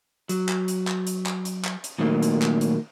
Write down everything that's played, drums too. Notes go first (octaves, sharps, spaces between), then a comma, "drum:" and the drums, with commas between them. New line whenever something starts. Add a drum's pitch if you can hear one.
F#3, drum: hi-hat
drum: clap
drum: hi-hat
drum: clap
drum: hi-hat
drum: clap
drum: hi-hat
drum: clap
drum: hi-hat
A#2 D#3 F#3 A3 A#3
drum: hi-hat
drum: clap
drum: hi-hat